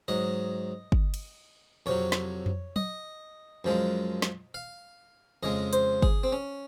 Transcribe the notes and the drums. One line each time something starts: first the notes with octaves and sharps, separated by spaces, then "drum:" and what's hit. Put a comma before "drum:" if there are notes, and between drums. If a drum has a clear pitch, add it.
G#2 F#3 D#5
drum: kick G1
drum: cymbal
F2 C3 F#3 C#5
drum: snare
drum: tom F2
D#5, drum: tom F#3
F#2 F3 G#3
drum: snare
F5
F2 C#3 G#3 D#5
C5, drum: hi-hat
G#4, drum: kick G1
C4
C#4